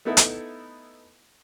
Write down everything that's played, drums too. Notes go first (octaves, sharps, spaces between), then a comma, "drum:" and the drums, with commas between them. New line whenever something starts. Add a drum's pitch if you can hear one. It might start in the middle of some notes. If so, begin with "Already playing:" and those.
A3 B3 D#4 E4 A4
drum: hi-hat